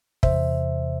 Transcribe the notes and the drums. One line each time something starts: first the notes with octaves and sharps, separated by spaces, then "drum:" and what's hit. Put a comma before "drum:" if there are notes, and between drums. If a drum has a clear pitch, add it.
E2 C3 E3 C5 E5, drum: kick